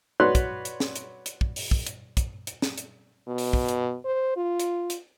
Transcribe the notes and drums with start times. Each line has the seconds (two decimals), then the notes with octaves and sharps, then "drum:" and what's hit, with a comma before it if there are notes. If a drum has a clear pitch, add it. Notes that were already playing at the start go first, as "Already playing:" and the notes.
0.20 F#4 B4 C#5 D5 C6 F#6
0.35 drum: kick, hi-hat
0.65 drum: hi-hat
0.80 drum: snare
0.96 drum: hi-hat
1.26 drum: hi-hat
1.41 drum: kick
1.56 drum: open hi-hat
1.71 drum: kick
1.87 drum: hi-hat
2.17 drum: kick, hi-hat
2.47 drum: hi-hat
2.62 drum: snare
2.78 drum: hi-hat
3.28 B2
3.38 drum: open hi-hat
3.53 drum: kick
3.69 drum: hi-hat
4.05 C5
4.36 F4
4.60 drum: hi-hat
4.90 drum: hi-hat